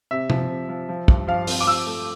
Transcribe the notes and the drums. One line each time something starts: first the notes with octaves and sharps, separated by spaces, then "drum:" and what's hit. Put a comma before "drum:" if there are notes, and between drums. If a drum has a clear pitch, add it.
C3 E5
F3, drum: tom
C3
F3
F3
G2, drum: kick
F3 F5
C4, drum: open hi-hat
D6
F3 E6
A3